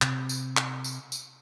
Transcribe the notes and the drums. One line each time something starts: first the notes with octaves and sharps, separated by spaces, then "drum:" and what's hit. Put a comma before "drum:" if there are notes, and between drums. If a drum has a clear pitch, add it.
C3, drum: clap
drum: tambourine
drum: clap
drum: tambourine
drum: tambourine